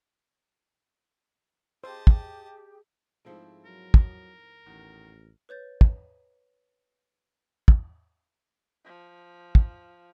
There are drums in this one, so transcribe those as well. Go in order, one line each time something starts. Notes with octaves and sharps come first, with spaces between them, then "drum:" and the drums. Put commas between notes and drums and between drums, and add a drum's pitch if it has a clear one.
G4 G#4 C5 D#5 A5
drum: kick
G#2 F3 A3 C4 E4 C5
F#3 A#4
drum: kick
A1 E2 D#3
B4 C#5 G6 A6
drum: kick
drum: kick
F3
drum: kick